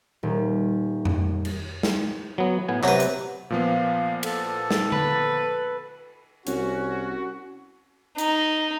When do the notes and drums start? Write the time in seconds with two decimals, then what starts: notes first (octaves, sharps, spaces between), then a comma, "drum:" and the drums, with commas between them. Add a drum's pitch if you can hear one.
0.23 D#1
1.05 drum: tom F2
1.45 drum: cymbal
1.83 drum: snare
2.38 F#3 B3
2.68 A2 B3 G#5
2.84 C3 F#3 B4, drum: clap
3.00 drum: hi-hat
3.50 A#2 F3 B3 F5
4.23 A4, drum: cymbal
4.71 drum: snare
4.92 B4, drum: tom D3
6.47 C2 C#4 F#4, drum: hi-hat
8.18 D#4, drum: hi-hat